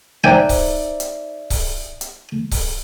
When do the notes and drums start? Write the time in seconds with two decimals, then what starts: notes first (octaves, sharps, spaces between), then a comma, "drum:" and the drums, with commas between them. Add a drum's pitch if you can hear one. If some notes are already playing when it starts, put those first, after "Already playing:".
0.24 D#4 C5 D5 E5 G5 G#5 A#5
0.49 drum: kick C#1, open hi-hat
1.00 drum: hi-hat
1.50 drum: kick C#1, open hi-hat
2.01 drum: hi-hat
2.51 drum: kick C#1, open hi-hat